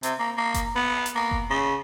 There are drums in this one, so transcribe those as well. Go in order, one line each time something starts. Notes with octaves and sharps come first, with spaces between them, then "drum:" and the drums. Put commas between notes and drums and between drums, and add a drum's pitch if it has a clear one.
C3, drum: hi-hat
A#3
A#3
drum: kick F#1, hi-hat
B3
drum: hi-hat
A#3
drum: kick F#1
C#3